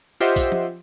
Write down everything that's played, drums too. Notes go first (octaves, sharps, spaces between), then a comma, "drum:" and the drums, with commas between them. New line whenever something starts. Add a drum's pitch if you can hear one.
F4 G4 C5 D#5 E5 F#5, drum: tambourine
drum: kick A#1, tambourine
drum: tom F3